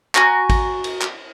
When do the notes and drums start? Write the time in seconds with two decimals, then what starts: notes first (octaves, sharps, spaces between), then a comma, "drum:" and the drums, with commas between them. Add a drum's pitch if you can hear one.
0.15 F#4 G#5 A#5, drum: clap
0.50 drum: kick G#1, cymbal
0.84 drum: cymbal
1.01 drum: clap